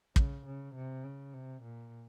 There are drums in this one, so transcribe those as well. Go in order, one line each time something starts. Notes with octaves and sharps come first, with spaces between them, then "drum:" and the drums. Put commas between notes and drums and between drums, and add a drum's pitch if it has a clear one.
C#3, drum: kick
C#3
C3
C#3
C3
A#2